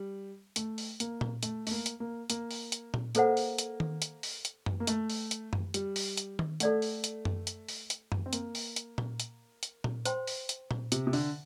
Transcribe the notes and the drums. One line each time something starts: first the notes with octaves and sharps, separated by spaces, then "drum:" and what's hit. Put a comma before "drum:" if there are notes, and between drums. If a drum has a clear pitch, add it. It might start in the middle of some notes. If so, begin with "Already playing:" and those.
Already playing: G3
A3, drum: hi-hat
drum: open hi-hat
A#3, drum: hi-hat
drum: tom A#2
A3, drum: hi-hat
A3, drum: open hi-hat
A#3
drum: hi-hat
A#3
A#3, drum: hi-hat
drum: open hi-hat
drum: hi-hat
drum: tom A#2
A#3 A4 C5 F#5, drum: hi-hat
drum: open hi-hat
drum: hi-hat
drum: tom D#3
drum: hi-hat
drum: open hi-hat
drum: hi-hat
drum: tom F#2
A#3
A3, drum: hi-hat
drum: open hi-hat
drum: hi-hat
drum: tom F#2
G3, drum: hi-hat
drum: open hi-hat
drum: hi-hat
drum: tom D#3
A3 A4 D5 F#5, drum: hi-hat
drum: open hi-hat
drum: hi-hat
drum: tom F#2
drum: hi-hat
drum: open hi-hat
drum: hi-hat
drum: tom F#2
C4
A#3, drum: hi-hat
drum: open hi-hat
drum: hi-hat
drum: tom A#2
drum: hi-hat
drum: hi-hat
drum: tom A#2
C5 G5 C6, drum: hi-hat
drum: open hi-hat
drum: hi-hat
drum: tom A#2
C3, drum: hi-hat
C3
D3, drum: open hi-hat